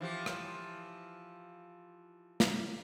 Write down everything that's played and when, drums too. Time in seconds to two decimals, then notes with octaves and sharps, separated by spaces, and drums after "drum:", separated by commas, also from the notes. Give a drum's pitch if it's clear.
0.01 E3 F3 G4
0.26 drum: rim click
2.40 drum: snare